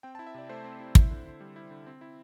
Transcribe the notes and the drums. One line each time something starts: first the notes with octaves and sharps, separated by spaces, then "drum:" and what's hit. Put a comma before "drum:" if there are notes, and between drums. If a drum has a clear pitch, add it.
C4 G5
A5
E4
E5
C3 D5
A3 C5
C4
E4
E4, drum: kick
D3
D3
G3
E4
D3
C4
E4